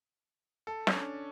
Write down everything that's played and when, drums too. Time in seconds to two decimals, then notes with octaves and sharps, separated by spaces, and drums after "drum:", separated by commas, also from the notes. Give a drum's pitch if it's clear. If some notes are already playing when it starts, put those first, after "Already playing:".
0.67 A4
0.87 C#4, drum: snare
0.96 D4